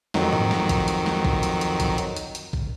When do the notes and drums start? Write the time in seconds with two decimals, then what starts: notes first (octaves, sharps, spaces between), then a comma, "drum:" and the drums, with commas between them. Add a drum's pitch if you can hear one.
0.14 F2 D#3 F#3, drum: snare
0.33 drum: tom G#2
0.51 drum: snare
0.69 drum: kick A#1, hi-hat
0.88 drum: hi-hat
1.06 drum: snare
1.25 drum: kick A#1
1.43 drum: hi-hat
1.61 drum: hi-hat
1.80 drum: kick A#1, hi-hat
1.98 drum: hi-hat
2.16 drum: hi-hat
2.35 drum: hi-hat
2.53 drum: kick A#1